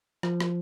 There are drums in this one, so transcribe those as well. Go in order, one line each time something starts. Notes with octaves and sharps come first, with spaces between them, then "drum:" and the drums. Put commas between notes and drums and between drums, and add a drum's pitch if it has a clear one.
F3, drum: rim click
drum: rim click